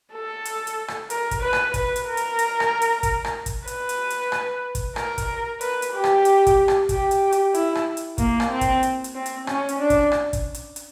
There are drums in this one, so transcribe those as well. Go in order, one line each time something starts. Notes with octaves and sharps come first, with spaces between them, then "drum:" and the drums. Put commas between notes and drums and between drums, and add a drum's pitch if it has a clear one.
A4
drum: hi-hat
drum: hi-hat
drum: rim click
A#4, drum: hi-hat
drum: kick, hi-hat
B4
drum: rim click
B4, drum: kick, hi-hat
drum: hi-hat
A#4
drum: hi-hat
drum: hi-hat
drum: rim click
drum: hi-hat
drum: kick, hi-hat
drum: rim click
drum: kick, hi-hat
B4, drum: hi-hat
drum: hi-hat
drum: hi-hat
drum: rim click
drum: kick, hi-hat
A#4, drum: rim click
drum: kick, hi-hat
B4, drum: hi-hat
drum: hi-hat
G4
drum: rim click
drum: hi-hat
drum: kick, hi-hat
drum: rim click
G4, drum: kick, hi-hat
drum: hi-hat
drum: hi-hat
E4, drum: hi-hat
drum: rim click
drum: hi-hat
A#3, drum: kick, hi-hat
drum: rim click
C4
drum: kick, hi-hat
drum: hi-hat
drum: hi-hat
C4
drum: hi-hat
C#4, drum: rim click
drum: hi-hat
D4
drum: kick, hi-hat
drum: rim click
drum: kick, hi-hat
drum: hi-hat
drum: hi-hat